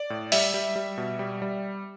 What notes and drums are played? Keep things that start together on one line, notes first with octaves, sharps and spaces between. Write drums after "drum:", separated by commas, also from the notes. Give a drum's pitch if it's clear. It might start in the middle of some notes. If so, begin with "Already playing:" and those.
Already playing: D5
A2
G3 E5, drum: open hi-hat
G3
G3
B2
G3
G3